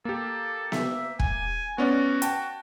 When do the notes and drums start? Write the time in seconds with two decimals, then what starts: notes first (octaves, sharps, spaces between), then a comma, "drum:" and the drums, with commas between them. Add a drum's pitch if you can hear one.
0.05 A#3 G4 A4
0.72 E5, drum: snare B3
1.20 G#5, drum: kick
1.78 B3 C#4 F#4 D5
2.22 G5 A5, drum: hi-hat